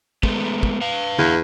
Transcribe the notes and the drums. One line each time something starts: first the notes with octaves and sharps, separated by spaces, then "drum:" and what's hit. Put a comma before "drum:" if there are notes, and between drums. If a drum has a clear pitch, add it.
G#3 A3 B3, drum: kick
drum: kick
B4 F5
E2, drum: tom